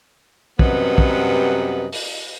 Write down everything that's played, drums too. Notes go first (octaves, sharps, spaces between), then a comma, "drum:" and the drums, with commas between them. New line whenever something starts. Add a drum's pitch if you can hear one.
F#2 C3 G3 B3 B4 D#5, drum: kick
drum: kick
drum: open hi-hat